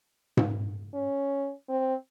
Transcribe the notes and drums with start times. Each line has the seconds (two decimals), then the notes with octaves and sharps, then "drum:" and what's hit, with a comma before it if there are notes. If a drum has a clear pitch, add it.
0.37 drum: tom G#2
0.94 C#4
1.69 C4